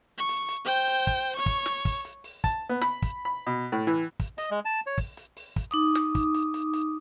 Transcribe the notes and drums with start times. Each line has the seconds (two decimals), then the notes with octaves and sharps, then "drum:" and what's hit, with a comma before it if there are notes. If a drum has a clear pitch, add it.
0.18 C#6
0.29 drum: hi-hat
0.48 drum: hi-hat
0.65 C5 G5
0.88 drum: hi-hat
1.07 drum: kick, hi-hat
1.36 C#5 C#6
1.46 drum: kick, hi-hat
1.66 drum: snare
1.85 drum: kick, open hi-hat
2.05 drum: hi-hat
2.24 drum: open hi-hat
2.44 A5, drum: kick, hi-hat
2.69 B3
2.81 B5, drum: snare
3.02 drum: kick, hi-hat
3.25 B5
3.47 B2
3.72 A2
3.87 E3
4.20 drum: kick, hi-hat
4.38 D#5, drum: hi-hat
4.51 G#3
4.65 A5
4.87 C#5
4.98 drum: kick, open hi-hat
5.17 drum: hi-hat
5.37 drum: open hi-hat
5.56 drum: kick, hi-hat
5.71 D#4 D6 D#6
5.95 drum: snare
6.15 drum: kick, hi-hat
6.34 drum: hi-hat
6.54 drum: hi-hat
6.73 drum: hi-hat